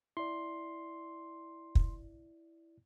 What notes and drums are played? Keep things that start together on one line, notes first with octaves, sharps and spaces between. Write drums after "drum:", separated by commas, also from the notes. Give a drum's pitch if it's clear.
E4 D5 C6
drum: kick